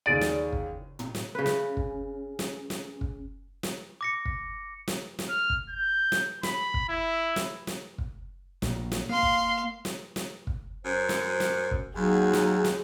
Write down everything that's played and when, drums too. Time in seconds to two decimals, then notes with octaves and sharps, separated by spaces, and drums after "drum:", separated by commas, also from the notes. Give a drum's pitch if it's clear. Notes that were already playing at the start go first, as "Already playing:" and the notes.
0.06 D#2 C#3 D5 D#7
0.21 drum: snare
0.52 drum: kick
0.99 drum: tom
1.15 drum: snare
1.35 C#3 C#4 B4
1.46 drum: snare
1.77 drum: kick
2.39 drum: snare
2.70 drum: snare
3.01 drum: kick
3.63 drum: snare
4.01 D6 A#6 C#7
4.25 drum: kick
4.88 drum: snare
5.19 drum: snare
5.29 F6
5.50 drum: kick
5.70 G6
6.12 drum: snare
6.43 B5, drum: snare
6.74 drum: kick
6.89 E4
7.36 drum: snare
7.67 drum: snare
7.98 drum: kick
8.62 A#1 A#2, drum: snare
8.92 drum: snare
9.09 A#3 F5 C6
9.23 drum: kick
9.85 drum: snare
10.16 drum: snare
10.47 drum: kick
10.85 F#2 C5
11.09 drum: snare
11.40 drum: snare
11.71 drum: kick
11.96 D#2 F#3 A#3 D#4 G#4
12.33 drum: snare
12.65 drum: snare